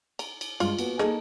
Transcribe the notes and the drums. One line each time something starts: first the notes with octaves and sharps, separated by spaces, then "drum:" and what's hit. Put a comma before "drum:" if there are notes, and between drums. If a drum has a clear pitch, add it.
A#5, drum: cymbal
drum: cymbal
G2 G#3 D4 F4, drum: cymbal
A#3 B3 F#4, drum: cymbal
A#3 D#4 G#4 A4, drum: rim click